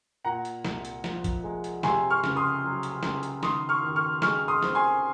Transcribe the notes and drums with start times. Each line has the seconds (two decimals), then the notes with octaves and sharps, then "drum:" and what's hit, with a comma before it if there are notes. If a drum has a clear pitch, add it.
0.25 A#2 F#5 A#5
0.45 drum: hi-hat
0.65 C2, drum: snare
0.85 drum: hi-hat
1.04 F3, drum: snare
1.24 drum: kick G1, hi-hat
1.44 G#3
1.64 drum: hi-hat
1.83 C3 G#5 C6, drum: snare
2.10 C#6 F6
2.24 C#2, drum: snare
2.36 C6 D#6
2.63 F#3
2.83 drum: hi-hat
3.03 C#2, drum: snare
3.23 drum: hi-hat
3.43 D#3 C6 D#6, drum: snare
3.69 C#6 F6
3.83 D#2
3.96 C#6 F6
4.22 G#3 C#6 F6, drum: snare
4.48 C6 D#6
4.62 C4, drum: snare
4.75 G#5 C6